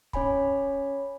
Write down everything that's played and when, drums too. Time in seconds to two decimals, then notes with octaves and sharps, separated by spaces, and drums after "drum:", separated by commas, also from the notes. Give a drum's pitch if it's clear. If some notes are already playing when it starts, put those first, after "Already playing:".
0.13 C#4 C#5 G#5 B5, drum: kick